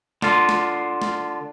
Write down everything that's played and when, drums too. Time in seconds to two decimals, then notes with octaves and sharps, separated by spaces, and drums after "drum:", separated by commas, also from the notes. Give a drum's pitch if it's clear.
0.22 D3 F4, drum: snare
0.49 drum: snare
1.02 drum: snare